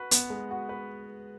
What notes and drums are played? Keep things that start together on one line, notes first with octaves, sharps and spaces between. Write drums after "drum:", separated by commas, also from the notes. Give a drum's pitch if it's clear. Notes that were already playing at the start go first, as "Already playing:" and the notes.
Already playing: F#4 B4
B3, drum: hi-hat
G#3
F#4
B4